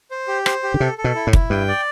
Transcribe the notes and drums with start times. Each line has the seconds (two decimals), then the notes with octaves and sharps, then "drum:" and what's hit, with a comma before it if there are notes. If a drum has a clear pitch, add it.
0.11 C5
0.28 G4
0.46 C5, drum: rim click
0.63 G4
0.74 D3
0.80 C3 A4
0.98 A4
1.04 B2
1.15 E4
1.27 A2
1.33 E4, drum: kick
1.50 G2 G5
1.68 D5